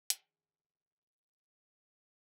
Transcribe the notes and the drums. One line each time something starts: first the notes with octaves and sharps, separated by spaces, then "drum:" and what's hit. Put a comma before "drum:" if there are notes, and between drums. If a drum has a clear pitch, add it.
D#3 F3 A#3 D4 G#4, drum: hi-hat